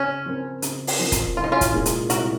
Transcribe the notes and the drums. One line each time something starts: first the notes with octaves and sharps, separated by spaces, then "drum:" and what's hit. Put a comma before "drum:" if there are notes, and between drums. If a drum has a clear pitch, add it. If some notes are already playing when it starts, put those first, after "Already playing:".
Already playing: C#3 C#4
F3 C4 F4 A#4
C#3, drum: hi-hat
drum: open hi-hat
F3 C4 F4 A#4
drum: kick, hi-hat
C2 F4
D#4
C#4 F4
drum: kick, hi-hat
A#2 G#3 C#4 F4
drum: hi-hat
C2 F#4 A#4, drum: hi-hat